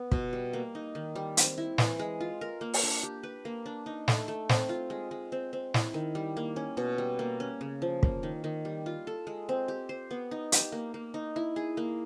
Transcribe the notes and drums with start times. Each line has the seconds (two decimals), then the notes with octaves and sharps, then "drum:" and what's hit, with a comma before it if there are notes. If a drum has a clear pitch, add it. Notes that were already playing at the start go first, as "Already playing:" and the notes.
Already playing: B3
0.12 B2, drum: kick
0.33 G3
0.53 A#3
0.75 D#4
0.95 D#3
1.15 G3
1.37 C4, drum: hi-hat
1.58 E4
1.78 E3, drum: snare
1.99 G#3
2.21 F4
2.41 A#4
2.61 A#3
2.74 drum: open hi-hat
2.83 D4
3.03 G4
3.23 B4
3.45 A#3
3.66 D4
3.86 D#4
4.08 A3, drum: snare
4.28 A3
4.49 C4, drum: snare
4.69 F4
4.90 G#3
5.11 G#3
5.32 C4
5.53 C4
5.74 E4, drum: snare
5.94 D#3
6.15 G3
6.37 A#3
6.56 C#4
6.77 B2
6.98 G3
7.19 A#3
7.40 C#4
7.61 C#3
7.82 F3
8.03 A#3, drum: kick
8.23 D#3
8.44 D#3
8.65 G3
8.86 F4
9.07 A4
9.27 G#3
9.49 C4
9.68 G4
9.89 C5
10.11 B3
10.31 D#4
10.52 G4, drum: hi-hat
10.72 A#3
10.94 A#3
11.14 D#4
11.36 E4
11.56 G#4
11.77 A#3